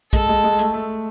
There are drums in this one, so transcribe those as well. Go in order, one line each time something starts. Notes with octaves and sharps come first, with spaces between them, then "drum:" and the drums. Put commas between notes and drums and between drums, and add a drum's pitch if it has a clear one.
G#3 A4, drum: kick, hi-hat
G#3
G#3
A3, drum: hi-hat
A3